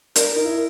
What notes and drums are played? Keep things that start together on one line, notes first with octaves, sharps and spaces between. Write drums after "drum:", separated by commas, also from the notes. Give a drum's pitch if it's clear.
D4 A#4, drum: hi-hat
D#4 A#4
E4